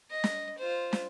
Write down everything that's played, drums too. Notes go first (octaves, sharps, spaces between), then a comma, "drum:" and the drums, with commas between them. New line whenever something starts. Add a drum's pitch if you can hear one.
D#5
drum: snare
F4 C5
drum: snare